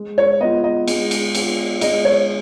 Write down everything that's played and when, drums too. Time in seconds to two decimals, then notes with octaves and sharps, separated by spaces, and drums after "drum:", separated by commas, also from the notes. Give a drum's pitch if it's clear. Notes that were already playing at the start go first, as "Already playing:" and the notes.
Already playing: G#3
0.18 C#5
0.40 B3 F4 D#5
0.64 D#5
0.88 G#3, drum: cymbal
1.11 drum: cymbal
1.35 B3 F4, drum: cymbal
1.81 G#3 D#5, drum: cymbal
2.05 C#5